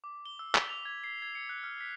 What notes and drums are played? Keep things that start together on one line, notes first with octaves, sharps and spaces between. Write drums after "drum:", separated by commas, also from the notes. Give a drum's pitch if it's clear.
D6
G7
E6
B6, drum: clap
F7
G#6
C7
G#6
C#7
F#6
F6
B6